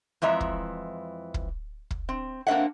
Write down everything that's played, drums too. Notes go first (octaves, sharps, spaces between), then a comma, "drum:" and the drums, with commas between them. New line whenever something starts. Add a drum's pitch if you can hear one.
F2 E3 G#3 E5 A#5
drum: kick
drum: kick
drum: kick
C4
A#3 C4 D4 D#5 E5 F#5